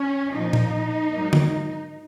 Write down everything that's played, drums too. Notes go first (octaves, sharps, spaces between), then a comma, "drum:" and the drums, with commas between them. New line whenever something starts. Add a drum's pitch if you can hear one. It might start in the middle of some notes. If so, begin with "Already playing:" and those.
Already playing: C#4
A#2 F3 A#3 D#4
drum: tom A#2
G#2 F#3 A#3
drum: tom